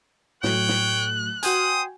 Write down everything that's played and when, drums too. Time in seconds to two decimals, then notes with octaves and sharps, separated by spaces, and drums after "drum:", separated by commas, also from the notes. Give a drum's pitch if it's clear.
0.44 A2 F#3 A3 C#5 G5 F#6, drum: snare
0.69 drum: snare
1.43 F#4 C5 G5 G#5 D#6, drum: hi-hat